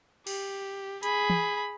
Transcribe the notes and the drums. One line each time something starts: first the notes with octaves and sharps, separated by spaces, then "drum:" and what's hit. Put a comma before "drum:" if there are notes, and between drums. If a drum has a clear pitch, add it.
G4, drum: cymbal
G#4 B5, drum: hi-hat
drum: tom